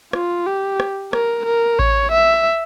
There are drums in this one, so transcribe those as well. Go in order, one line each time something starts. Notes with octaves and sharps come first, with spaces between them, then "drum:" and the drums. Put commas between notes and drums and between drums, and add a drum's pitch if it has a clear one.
F4, drum: rim click
G4
drum: rim click
A#4, drum: rim click
A#4
C#5, drum: kick A1
E5